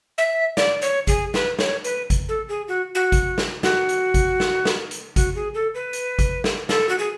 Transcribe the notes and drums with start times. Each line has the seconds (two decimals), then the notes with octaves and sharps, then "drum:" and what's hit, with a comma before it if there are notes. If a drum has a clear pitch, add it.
0.18 E5
0.57 D5, drum: snare
0.82 C#5, drum: hi-hat
1.07 G#4, drum: kick G#1, hi-hat
1.34 B4, drum: snare
1.59 C#5, drum: snare
1.84 B4, drum: hi-hat
2.10 drum: kick G#1, hi-hat
2.29 A4
2.49 G#4
2.68 F#4
2.95 F#4
3.12 drum: kick G#1, hi-hat
3.38 drum: snare
3.63 F#4, drum: snare
3.89 drum: hi-hat
4.14 drum: kick G#1, hi-hat
4.40 drum: snare
4.65 drum: snare
4.91 drum: hi-hat
5.16 F#4, drum: kick G#1, hi-hat
5.35 G#4
5.54 A4
5.75 B4
5.93 drum: hi-hat
6.19 drum: kick G#1, hi-hat
6.44 drum: snare
6.69 A4, drum: snare
6.89 F#4
6.99 G#4